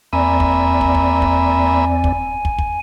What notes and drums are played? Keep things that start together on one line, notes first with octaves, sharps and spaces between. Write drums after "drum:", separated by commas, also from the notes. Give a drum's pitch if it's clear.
E2 A#3 C4 D5 E5 G#5 B5
drum: kick
drum: kick
drum: kick
drum: kick
drum: kick
drum: kick
drum: kick